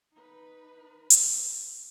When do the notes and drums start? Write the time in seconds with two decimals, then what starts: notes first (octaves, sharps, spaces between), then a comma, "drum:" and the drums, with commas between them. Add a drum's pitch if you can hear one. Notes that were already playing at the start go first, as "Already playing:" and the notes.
0.13 D#4 B4
1.10 drum: hi-hat